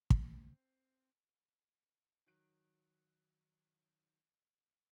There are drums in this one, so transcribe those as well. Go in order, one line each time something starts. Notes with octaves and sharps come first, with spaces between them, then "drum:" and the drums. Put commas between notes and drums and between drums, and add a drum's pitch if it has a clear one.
C4, drum: kick
D#3 F#3 F#6 D7